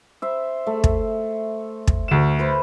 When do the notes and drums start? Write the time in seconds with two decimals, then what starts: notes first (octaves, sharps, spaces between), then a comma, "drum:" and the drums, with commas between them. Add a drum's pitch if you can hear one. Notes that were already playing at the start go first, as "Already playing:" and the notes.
0.22 C5 E5
0.67 A3
0.84 drum: kick
1.87 drum: kick
2.08 D2 E7
2.39 B4 C5